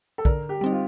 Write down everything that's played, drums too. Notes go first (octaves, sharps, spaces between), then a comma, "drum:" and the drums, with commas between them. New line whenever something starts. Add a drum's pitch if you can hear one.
A4
D3 A#4, drum: kick
G4
G3 C4 D#4
F4